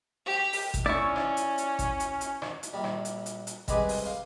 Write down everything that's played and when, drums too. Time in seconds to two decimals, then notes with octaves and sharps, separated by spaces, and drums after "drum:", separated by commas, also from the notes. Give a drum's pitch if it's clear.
0.25 G4
0.53 drum: open hi-hat
0.74 drum: kick, hi-hat
0.86 C#4 E4 D5 C#6
1.16 drum: rim click
1.37 drum: hi-hat
1.58 drum: hi-hat
1.79 drum: kick, hi-hat
2.00 drum: hi-hat
2.21 drum: hi-hat
2.42 drum: rim click
2.63 drum: hi-hat
2.73 A#1 G3
2.84 drum: rim click
3.05 drum: hi-hat
3.26 drum: hi-hat
3.47 drum: hi-hat
3.68 C2 G3 G#3 B4 D6 D#6, drum: kick, hi-hat
3.89 drum: open hi-hat
4.06 F5